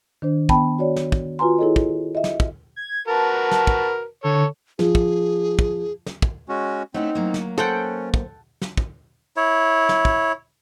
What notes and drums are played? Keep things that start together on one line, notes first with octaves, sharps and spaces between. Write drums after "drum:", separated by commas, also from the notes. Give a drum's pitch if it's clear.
D#3 D4 C5
B3 G5 A5 B5, drum: kick
F#4 C#5 D5
drum: snare
drum: kick
F4 F#4 B4 G#5 A#5 C6
E4 G#4 A4 C#5 D#5
drum: kick
D#5 E5
drum: snare
drum: kick
G#6
F#4 A#4 B4 A5
drum: snare
drum: kick
D3 A4 C#5
F3 G#4, drum: snare
drum: kick
drum: kick
drum: snare
drum: kick
G#3 C#4 F#4
A3 C4 C#4 D#4 E4 F#5
F#3 A#3
drum: snare
C#4 A4 C5 F#5 G5
drum: kick
drum: snare
drum: kick
E4 C#5
drum: snare
drum: kick